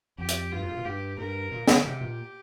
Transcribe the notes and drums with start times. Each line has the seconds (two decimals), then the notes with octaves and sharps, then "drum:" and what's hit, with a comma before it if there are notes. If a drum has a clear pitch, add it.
0.18 F2 G4
0.29 drum: hi-hat
0.52 G2 F4
0.61 F2
0.68 G2
0.76 A#2
0.85 G2 G4
1.18 G2 A#4
1.51 A#2
1.68 D3, drum: snare
1.85 C3 G4
2.01 A#2